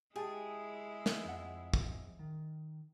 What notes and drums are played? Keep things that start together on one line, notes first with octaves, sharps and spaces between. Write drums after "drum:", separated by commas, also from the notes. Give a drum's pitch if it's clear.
G#3 E4 G4 G#4 G5 A5
drum: snare
F2 F#5
drum: kick
D#3